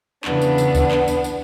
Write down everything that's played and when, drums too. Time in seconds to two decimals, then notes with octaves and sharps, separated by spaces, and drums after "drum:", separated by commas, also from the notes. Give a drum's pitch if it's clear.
0.25 E2 C#3 E3 B3 D4, drum: clap
0.42 drum: tambourine
0.58 drum: tambourine
0.75 drum: kick C#2, tambourine
0.91 drum: clap
1.08 drum: tambourine
1.24 drum: tambourine